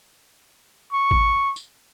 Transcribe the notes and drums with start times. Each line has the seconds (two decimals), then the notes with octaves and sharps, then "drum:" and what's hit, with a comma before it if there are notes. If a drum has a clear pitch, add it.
0.93 C#6
1.11 drum: kick A1
1.56 drum: tambourine